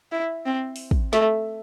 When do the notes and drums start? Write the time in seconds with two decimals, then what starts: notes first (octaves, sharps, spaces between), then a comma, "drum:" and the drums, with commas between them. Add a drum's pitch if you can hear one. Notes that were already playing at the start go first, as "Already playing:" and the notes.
0.12 E4
0.46 C4
0.76 drum: open hi-hat
0.91 drum: kick
1.13 A3, drum: snare